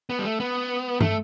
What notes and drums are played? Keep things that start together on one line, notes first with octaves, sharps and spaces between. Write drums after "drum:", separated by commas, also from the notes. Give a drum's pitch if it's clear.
B3
G3
A3
B3
A3, drum: tom G2